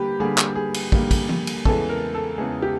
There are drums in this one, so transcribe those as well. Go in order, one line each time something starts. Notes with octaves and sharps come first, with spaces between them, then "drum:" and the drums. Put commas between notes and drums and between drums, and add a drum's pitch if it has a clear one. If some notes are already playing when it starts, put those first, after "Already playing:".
Already playing: D3 G3 A#3 G4 B4
D3 G3 A#3 G#4
drum: clap
G#4
drum: cymbal
D3 G3 A#3, drum: kick
drum: kick, cymbal
drum: tom E3
drum: cymbal
E2 C#3 E3 G#3 A4, drum: kick
A#4
A4
E2 C#3 E3 G#3 G#4
G4